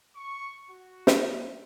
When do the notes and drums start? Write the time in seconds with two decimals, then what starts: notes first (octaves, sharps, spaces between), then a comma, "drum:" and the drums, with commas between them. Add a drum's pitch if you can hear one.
0.16 C#6
0.69 F#4
1.07 drum: snare